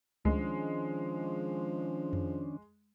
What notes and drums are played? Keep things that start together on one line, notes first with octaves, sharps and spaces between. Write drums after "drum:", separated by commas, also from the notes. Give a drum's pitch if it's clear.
D#3 F3 G#3 C#4 D4, drum: kick C#2
drum: tom F2